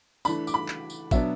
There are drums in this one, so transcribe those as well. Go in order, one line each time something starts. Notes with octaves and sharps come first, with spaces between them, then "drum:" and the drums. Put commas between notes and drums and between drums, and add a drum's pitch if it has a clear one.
E3 A3 D4 B5, drum: tambourine
D6, drum: tambourine
B5
drum: clap
drum: tambourine
B2 F#3 B3 D4 E5, drum: kick A1, tambourine